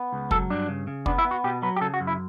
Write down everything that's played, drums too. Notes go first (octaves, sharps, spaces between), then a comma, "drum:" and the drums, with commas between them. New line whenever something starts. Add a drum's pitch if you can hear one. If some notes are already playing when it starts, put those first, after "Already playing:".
Already playing: B3
C#2
F#3 A4, drum: kick
G2 D4
C#3
C#3
B3 D4, drum: kick
E4
B3
F#4
B2 G4
F#3 B4
G4
C#3 A4
F#4
F#2
E4